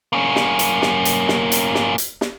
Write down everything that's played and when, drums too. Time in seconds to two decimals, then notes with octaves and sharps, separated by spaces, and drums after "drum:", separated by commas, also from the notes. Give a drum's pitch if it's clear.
0.13 A#3 C#4
0.36 drum: snare
0.59 drum: hi-hat
0.82 drum: snare
1.05 drum: hi-hat
1.28 drum: snare
1.52 drum: hi-hat
1.75 drum: snare
1.98 drum: hi-hat
2.21 drum: snare